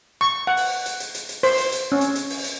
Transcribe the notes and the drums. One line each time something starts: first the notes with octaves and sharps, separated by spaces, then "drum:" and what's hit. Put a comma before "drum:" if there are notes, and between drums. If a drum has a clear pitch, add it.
C#6
F#5
drum: open hi-hat
drum: hi-hat
drum: hi-hat
drum: hi-hat
drum: hi-hat
C5, drum: open hi-hat
drum: hi-hat
drum: hi-hat
C#4
drum: hi-hat
drum: hi-hat
drum: open hi-hat
drum: hi-hat